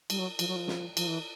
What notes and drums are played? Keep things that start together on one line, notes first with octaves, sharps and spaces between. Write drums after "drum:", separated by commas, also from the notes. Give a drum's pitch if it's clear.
G3, drum: cymbal
F#3
F3, drum: cymbal
F#3
F3
drum: snare
F3, drum: cymbal
E3